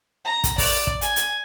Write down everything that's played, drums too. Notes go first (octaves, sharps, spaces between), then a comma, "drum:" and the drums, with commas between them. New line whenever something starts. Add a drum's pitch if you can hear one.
A#5
drum: kick, hi-hat
D5, drum: kick, open hi-hat
drum: kick
G#5, drum: hi-hat
drum: hi-hat